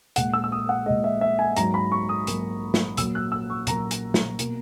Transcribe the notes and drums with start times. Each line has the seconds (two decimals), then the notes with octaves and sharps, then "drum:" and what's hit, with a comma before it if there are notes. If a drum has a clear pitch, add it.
0.16 A#2 G#3 F#5, drum: hi-hat
0.34 E6
0.44 E6
0.52 D#6
0.69 F#5
0.86 A#2 G#3 D#5
1.04 E5
1.21 E5
1.39 G#5
1.56 G#2 F#3 A#3 A#5, drum: hi-hat
1.74 B5
1.92 C#6
2.09 D#6
2.27 G#2 F#3 A#3, drum: hi-hat
2.74 drum: snare
2.97 A#2 F#3 A#3 E6, drum: hi-hat
3.15 F#6
3.32 E6
3.50 C#6
3.67 A#2 F#3 A#3 A#5, drum: hi-hat
3.91 drum: hi-hat
4.14 drum: snare
4.39 B2 A#3, drum: hi-hat